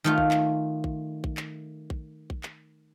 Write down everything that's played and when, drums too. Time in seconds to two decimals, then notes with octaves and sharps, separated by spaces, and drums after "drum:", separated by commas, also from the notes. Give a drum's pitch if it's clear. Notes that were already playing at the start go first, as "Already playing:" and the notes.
0.04 D#3 A3 F4
0.18 drum: kick A#1
0.31 drum: clap
0.84 drum: kick A#1
1.24 drum: kick A#1
1.37 drum: clap
1.90 drum: kick A#1
2.30 drum: kick A#1
2.43 drum: clap